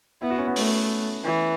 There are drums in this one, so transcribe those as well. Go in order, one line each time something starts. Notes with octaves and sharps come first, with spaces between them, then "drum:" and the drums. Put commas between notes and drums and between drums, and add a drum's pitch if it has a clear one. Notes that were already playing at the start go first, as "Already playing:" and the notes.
B3 E4
F#4
C#4
B3
A3, drum: open hi-hat
E3